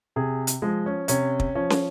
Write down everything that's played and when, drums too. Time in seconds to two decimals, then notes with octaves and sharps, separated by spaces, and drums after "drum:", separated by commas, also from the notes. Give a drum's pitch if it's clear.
0.16 C3 G#4
0.47 drum: hi-hat
0.62 F3 G#3
0.86 C#4
1.08 C3 C#4, drum: hi-hat
1.40 drum: kick
1.55 F3 C#4
1.70 drum: snare